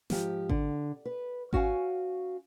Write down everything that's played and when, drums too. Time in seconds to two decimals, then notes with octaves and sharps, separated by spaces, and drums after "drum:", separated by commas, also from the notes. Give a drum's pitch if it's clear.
0.10 G#2 F3 G4, drum: snare
0.49 D3, drum: kick G#1
1.05 B4
1.53 C#4 F#4 F5 F#5 G#5, drum: kick G#1